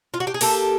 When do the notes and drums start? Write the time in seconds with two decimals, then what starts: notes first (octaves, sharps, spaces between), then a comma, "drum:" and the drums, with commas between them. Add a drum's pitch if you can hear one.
0.14 F4
0.20 F#4
0.27 G4
0.34 G#4
0.41 A#3 G4 A4, drum: open hi-hat